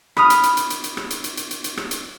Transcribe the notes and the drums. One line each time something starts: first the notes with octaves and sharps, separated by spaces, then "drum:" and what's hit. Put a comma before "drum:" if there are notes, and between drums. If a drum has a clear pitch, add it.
B5 D#6 F6, drum: rim click
drum: hi-hat
drum: hi-hat
drum: hi-hat
drum: hi-hat
drum: hi-hat
drum: rim click
drum: hi-hat
drum: hi-hat
drum: hi-hat
drum: hi-hat
drum: hi-hat
drum: rim click
drum: hi-hat